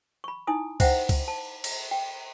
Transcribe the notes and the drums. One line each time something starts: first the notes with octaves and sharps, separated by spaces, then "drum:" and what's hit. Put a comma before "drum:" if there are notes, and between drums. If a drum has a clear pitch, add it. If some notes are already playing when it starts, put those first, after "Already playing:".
B5 C#6
D#4 E4 G#5 D#6
C5 E5 F#5 G5 A#5, drum: kick C#2, cymbal
drum: kick C#2, cymbal
A5
drum: cymbal
G5